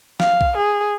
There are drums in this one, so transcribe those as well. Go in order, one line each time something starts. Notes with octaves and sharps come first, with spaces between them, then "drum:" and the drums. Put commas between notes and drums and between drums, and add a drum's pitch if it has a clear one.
F5, drum: snare
drum: kick B1
G#4